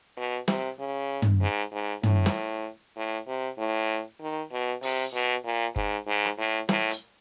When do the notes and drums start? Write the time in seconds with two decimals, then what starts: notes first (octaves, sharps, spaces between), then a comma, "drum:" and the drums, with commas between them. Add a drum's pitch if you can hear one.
0.17 B2
0.48 C3, drum: snare
0.79 C#3
1.22 drum: tom
1.41 G#2
1.72 G#2
2.03 A2, drum: tom
2.26 drum: snare
2.97 A2
3.27 C3
3.58 A2
4.21 D#3
4.52 B2
4.83 C3, drum: open hi-hat
5.13 B2
5.44 A#2
5.76 G#2, drum: kick F#1
6.07 G#2
6.26 drum: rim click
6.38 A2
6.69 A2, drum: snare
6.91 drum: hi-hat